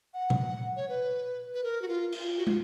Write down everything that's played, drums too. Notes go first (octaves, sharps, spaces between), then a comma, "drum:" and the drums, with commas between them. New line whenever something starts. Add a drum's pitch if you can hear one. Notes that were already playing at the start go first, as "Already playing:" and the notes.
F#5
drum: tom A#2
C#5
B4
B4
A#4
F#4
F4
F4, drum: cymbal
F#4
F4, drum: tom